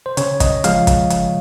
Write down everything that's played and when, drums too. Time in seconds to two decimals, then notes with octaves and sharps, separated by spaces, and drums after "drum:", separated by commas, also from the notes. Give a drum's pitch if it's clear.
0.06 C5
0.17 C#3 C#5, drum: hi-hat
0.40 D#5, drum: kick, hi-hat
0.64 F3 G#3 F5, drum: hi-hat
0.87 drum: kick, hi-hat
1.10 drum: hi-hat